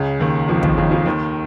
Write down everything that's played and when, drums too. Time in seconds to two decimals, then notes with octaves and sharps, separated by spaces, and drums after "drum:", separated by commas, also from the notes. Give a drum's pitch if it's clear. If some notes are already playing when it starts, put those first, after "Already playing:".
Already playing: C#2 C#3
0.20 D#2 D#3
0.48 F2 F3
0.63 D#2 D#3, drum: kick
0.77 C#2 C#3
0.91 F2 F3
1.06 D#2 D#3